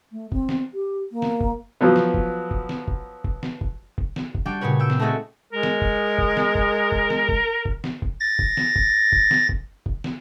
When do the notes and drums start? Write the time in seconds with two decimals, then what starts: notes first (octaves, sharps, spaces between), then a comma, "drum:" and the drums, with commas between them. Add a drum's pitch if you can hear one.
0.12 A3
0.32 C4, drum: kick
0.49 drum: snare
0.74 G4
1.12 A#3
1.22 drum: snare
1.41 drum: kick
1.81 F3 F#3 B3
1.96 drum: snare
2.14 drum: kick
2.51 drum: kick
2.69 drum: snare
2.88 drum: kick
3.24 drum: kick
3.43 drum: snare
3.61 drum: kick
3.98 drum: kick
4.16 drum: snare
4.35 drum: kick
4.45 G3 D4 F#4 G5
4.61 A#2 C#3 F#4 B4 C#5
4.79 G5 E6
4.90 drum: snare
4.99 A3 C4 D#4 F#4 G#4 A4
5.53 G#3 A#4
5.63 drum: snare
5.82 drum: kick
6.18 drum: kick
6.37 drum: snare
6.55 drum: kick
6.92 drum: kick
7.10 drum: snare
7.29 drum: kick
7.65 drum: kick
7.84 drum: snare
8.02 drum: kick
8.20 A6 A#6
8.39 drum: kick
8.57 drum: snare
8.76 drum: kick
9.12 drum: kick
9.31 drum: snare
9.49 drum: kick
9.86 drum: kick
10.04 drum: snare